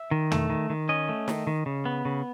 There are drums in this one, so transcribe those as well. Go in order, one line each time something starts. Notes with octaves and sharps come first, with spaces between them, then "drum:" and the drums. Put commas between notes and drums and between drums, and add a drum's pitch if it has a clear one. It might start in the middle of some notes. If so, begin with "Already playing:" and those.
Already playing: E5
D#3
A3, drum: tom
D#3
D#3
C#4 D#5
A3
D#3, drum: snare
D#3
C#3
B3
C#3